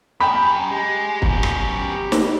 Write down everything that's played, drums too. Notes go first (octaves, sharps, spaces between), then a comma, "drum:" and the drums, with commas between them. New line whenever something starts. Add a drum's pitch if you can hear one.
F#2 G5 B5
G#3 G4
F#2 B2, drum: kick
drum: rim click
drum: snare